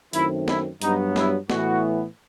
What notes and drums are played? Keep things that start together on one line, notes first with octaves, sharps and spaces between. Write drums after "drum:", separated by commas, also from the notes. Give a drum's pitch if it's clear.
F#2 D#3 A3 C4 E4, drum: hi-hat
E4, drum: snare
G2 F#3 B3 D#4, drum: hi-hat
E4, drum: snare
A2 E3 B3 F#4, drum: snare